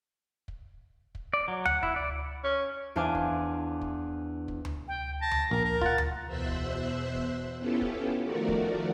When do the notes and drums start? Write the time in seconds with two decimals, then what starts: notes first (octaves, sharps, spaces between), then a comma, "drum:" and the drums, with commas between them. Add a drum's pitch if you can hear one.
0.48 drum: kick
1.15 drum: kick
1.34 D5
1.48 F#3
1.66 F#5, drum: tom D2
1.83 E4, drum: kick
1.96 D5
2.44 C#4
2.96 E2 D4 C5 F5 G#5 D6
3.15 drum: kick
3.81 drum: kick
4.48 drum: kick
4.65 drum: tom D2
4.88 G5
5.21 A5 A#6
5.32 drum: tom D2
5.51 A#1 A#4
5.64 A#4
5.82 F4 F#5 A6, drum: kick
5.98 drum: tom D2
6.25 E2 B2 C5 E5 E6 F#6
6.48 drum: kick
7.15 drum: kick
7.59 B3 C#4 E4 F4 G4 A4
7.82 drum: kick
8.24 D#3 F3 A3 F#4 A#4 D5
8.48 drum: kick